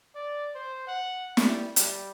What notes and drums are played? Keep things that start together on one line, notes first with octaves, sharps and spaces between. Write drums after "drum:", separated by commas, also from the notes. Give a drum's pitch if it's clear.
D5
C5
F#5
G3, drum: snare
G3, drum: hi-hat